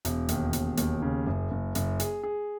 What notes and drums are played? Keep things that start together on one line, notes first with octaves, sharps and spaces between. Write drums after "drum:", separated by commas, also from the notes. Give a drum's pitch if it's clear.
E1, drum: hi-hat
D#2, drum: hi-hat
E1, drum: hi-hat
D#2, drum: hi-hat
C#3
F#1
F#1
F#1, drum: hi-hat
G#4, drum: hi-hat
G#4